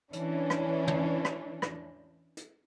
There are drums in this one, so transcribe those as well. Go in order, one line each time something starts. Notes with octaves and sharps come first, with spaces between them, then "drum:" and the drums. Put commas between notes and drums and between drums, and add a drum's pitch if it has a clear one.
E3 C#4 D4, drum: hi-hat
drum: rim click
drum: tom
drum: rim click
drum: rim click
drum: hi-hat